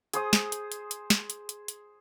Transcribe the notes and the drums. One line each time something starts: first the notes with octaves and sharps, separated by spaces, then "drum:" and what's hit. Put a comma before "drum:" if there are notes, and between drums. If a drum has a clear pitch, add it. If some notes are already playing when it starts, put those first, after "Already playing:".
G#4 C5 D#6, drum: hi-hat
drum: snare
drum: hi-hat
drum: hi-hat
drum: hi-hat
drum: snare
drum: hi-hat
drum: hi-hat
drum: hi-hat